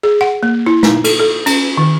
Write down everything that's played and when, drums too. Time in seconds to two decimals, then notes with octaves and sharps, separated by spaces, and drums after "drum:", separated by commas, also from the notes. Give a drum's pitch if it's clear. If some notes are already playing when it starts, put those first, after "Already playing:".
0.03 G#4
0.21 F#5
0.43 A#3
0.66 E4
0.83 D#4, drum: snare
1.04 A4, drum: cymbal
1.20 A4
1.46 C#4, drum: cymbal
1.78 D#3